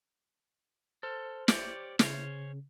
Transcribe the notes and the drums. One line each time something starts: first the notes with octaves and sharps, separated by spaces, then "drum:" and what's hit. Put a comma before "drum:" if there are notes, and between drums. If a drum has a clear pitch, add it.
A4 C5 F6
G4 C#5 D5, drum: snare
C#3 C#4 C5 C#5, drum: snare